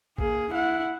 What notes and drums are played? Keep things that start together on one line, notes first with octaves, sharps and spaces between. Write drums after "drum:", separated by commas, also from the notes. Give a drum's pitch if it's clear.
A#3 G#4, drum: kick
E4 F#5